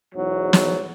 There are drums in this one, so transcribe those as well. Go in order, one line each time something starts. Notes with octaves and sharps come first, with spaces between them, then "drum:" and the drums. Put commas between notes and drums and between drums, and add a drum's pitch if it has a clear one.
B1 E2 G#2 F#3
drum: snare